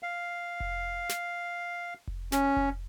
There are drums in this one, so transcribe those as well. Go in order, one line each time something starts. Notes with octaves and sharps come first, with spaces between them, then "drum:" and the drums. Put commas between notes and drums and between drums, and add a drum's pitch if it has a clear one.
F5
drum: kick F1
drum: snare
drum: kick F1
C#4, drum: snare
drum: kick F1